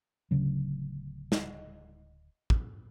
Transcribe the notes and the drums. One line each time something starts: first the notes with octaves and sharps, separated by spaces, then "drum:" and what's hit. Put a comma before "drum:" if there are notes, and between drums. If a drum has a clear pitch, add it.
D1 D2 C#3 F#3
drum: snare
drum: kick